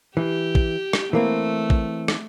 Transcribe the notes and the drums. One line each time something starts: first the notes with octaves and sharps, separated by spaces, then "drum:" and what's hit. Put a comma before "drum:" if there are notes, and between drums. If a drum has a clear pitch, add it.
E3 G4
drum: kick
drum: rim click
E3 A3 A#3 C4
drum: kick
drum: rim click